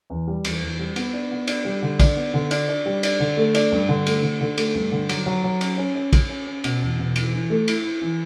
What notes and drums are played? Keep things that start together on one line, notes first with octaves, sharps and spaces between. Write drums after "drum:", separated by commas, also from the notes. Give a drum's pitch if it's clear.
E2
G3
E2, drum: cymbal
E2
G3
B3, drum: cymbal
D4
B3
D4, drum: cymbal
G3
D3
D4, drum: kick, cymbal
B3
D3
D4, drum: cymbal
D4
G3
D4, drum: cymbal
D3
A3
D4, drum: cymbal
G2
D3
A3, drum: cymbal
D3
D3
A3, drum: cymbal
G2
D3
F#3, drum: cymbal
F#3
F#3
C#4, drum: cymbal
C#4
C#4
C#4, drum: kick, cymbal
C#4
C#4
B2, drum: cymbal
E2
B2
E3, drum: cymbal
E3
A3
E4, drum: cymbal
E4
E3